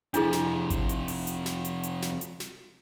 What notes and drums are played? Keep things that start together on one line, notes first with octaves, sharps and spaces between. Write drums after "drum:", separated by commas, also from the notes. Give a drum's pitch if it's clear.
F2 C3 D4 E4 G#4, drum: hi-hat
drum: snare
drum: kick G#1, hi-hat
drum: hi-hat
drum: open hi-hat
drum: hi-hat
drum: snare
drum: hi-hat
drum: hi-hat
drum: snare
drum: hi-hat
drum: snare